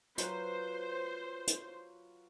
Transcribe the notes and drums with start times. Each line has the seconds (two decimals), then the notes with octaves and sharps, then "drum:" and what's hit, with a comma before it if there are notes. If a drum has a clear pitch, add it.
0.18 F#3 F4 B4 C5, drum: hi-hat
1.47 drum: hi-hat